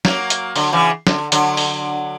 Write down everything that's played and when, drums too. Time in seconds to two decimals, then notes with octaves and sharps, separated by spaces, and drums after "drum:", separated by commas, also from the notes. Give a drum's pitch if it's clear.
0.05 F#3 A#3, drum: snare
0.30 drum: hi-hat
0.56 D3 F#3, drum: open hi-hat
0.73 C#3 E3
1.07 D3, drum: snare
1.32 D3 F#3, drum: hi-hat
1.57 drum: open hi-hat